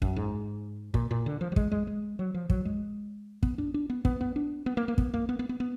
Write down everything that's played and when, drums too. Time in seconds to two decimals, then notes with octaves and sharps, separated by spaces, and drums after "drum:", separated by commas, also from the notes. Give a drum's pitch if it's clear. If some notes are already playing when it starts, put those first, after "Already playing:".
0.02 F#2, drum: kick
0.16 G#2
0.94 A#2, drum: kick
1.11 A#2
1.26 D3
1.41 F3
1.52 F#3
1.56 G#3, drum: kick
1.72 G#3
1.87 G#3
2.19 F#3
2.34 F3
2.50 F#3, drum: kick
2.65 G#3
3.43 B3, drum: kick
3.58 D4
3.74 D4
3.90 B3
4.05 B3, drum: kick
4.21 B3
4.36 D4
4.66 B3
4.77 A#3
4.88 A#3
4.98 B3, drum: kick
5.14 A#3
5.29 B3
5.39 B3
5.49 B3
5.60 B3